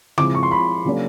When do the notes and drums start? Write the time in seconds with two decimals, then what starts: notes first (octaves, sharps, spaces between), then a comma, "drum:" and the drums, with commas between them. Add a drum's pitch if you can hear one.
0.18 F3 G#3 C4 E4 D6, drum: tom C#3
0.35 C#6
0.43 C6
0.51 B5
0.85 C#3 F#3 A#3 D4